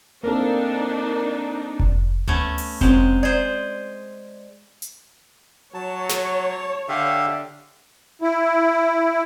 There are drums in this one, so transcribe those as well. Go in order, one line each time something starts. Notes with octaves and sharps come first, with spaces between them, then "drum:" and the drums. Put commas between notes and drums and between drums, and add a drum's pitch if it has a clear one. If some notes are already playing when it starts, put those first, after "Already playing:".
A#3 C4 D4 D#4 A4 A#4
drum: kick F1
A3 B3 C#4, drum: tom D2
drum: open hi-hat
F#3 G#3 C4 C#4 C5, drum: kick F1
G#4 C5 D5
drum: hi-hat
F#3 C#5 A5
drum: snare
D3 G4 E5 F5
E4